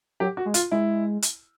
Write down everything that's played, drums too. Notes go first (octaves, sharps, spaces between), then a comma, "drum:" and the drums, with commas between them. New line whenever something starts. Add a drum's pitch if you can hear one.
F#3 G4
F#4
G#3
F4, drum: hi-hat
G#3 E4
drum: hi-hat